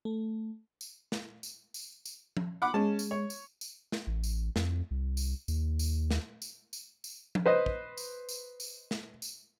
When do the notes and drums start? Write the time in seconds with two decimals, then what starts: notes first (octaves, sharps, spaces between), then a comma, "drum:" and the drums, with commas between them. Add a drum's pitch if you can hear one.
0.05 A3
0.81 drum: tambourine
1.12 drum: snare
1.43 drum: tambourine
1.74 drum: tambourine
2.05 drum: tambourine
2.37 drum: tom F3
2.62 F#5 B5 D6
2.74 G#3 C#4 A5
2.99 drum: tambourine
3.11 C#5
3.30 drum: tambourine
3.61 drum: tambourine
3.92 drum: snare
4.07 A1
4.24 drum: tambourine
4.56 F2, drum: snare
4.91 C2
5.17 drum: tambourine
5.48 D#2, drum: tambourine
5.79 drum: tambourine
6.10 drum: snare
6.42 drum: tambourine
6.73 drum: tambourine
7.04 drum: tambourine
7.35 drum: tom F3
7.46 B4 C5 D#5
7.66 drum: kick
7.97 drum: tambourine
8.29 drum: tambourine
8.60 drum: tambourine
8.91 drum: snare
9.22 drum: tambourine